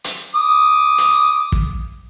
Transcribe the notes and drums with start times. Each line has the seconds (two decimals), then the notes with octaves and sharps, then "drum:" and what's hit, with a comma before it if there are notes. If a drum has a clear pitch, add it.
0.04 drum: hi-hat
0.35 D6 D#6
0.98 drum: hi-hat
1.52 drum: kick